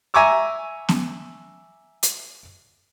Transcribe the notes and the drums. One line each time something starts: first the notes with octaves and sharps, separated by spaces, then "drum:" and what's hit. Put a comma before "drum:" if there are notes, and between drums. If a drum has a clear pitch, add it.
E5 G#5 A#5 C#6 D6 E6
drum: snare B3
drum: hi-hat